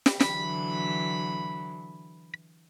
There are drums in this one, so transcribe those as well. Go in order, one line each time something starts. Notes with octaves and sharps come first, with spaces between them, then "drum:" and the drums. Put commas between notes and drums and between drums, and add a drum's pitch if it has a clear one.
drum: snare
D3 E3 F#3 B5, drum: snare